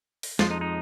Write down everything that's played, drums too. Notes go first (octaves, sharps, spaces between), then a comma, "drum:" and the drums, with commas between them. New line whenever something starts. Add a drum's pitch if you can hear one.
drum: open hi-hat
F2 F3 G#3 F4, drum: snare
D#4
D#4